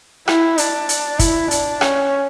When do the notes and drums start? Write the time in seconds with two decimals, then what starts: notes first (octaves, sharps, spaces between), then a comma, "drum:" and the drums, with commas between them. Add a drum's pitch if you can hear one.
0.28 E4, drum: rim click
0.58 D4, drum: hi-hat
0.89 drum: hi-hat
1.19 E4, drum: kick, hi-hat
1.51 D4, drum: hi-hat
1.81 C#4, drum: rim click